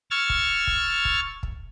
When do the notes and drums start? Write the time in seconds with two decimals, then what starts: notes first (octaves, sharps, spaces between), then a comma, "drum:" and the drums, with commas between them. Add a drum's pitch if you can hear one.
0.11 C#6 E6 F6 G#6 A6
0.30 drum: kick
0.67 drum: kick
1.05 drum: kick
1.43 drum: kick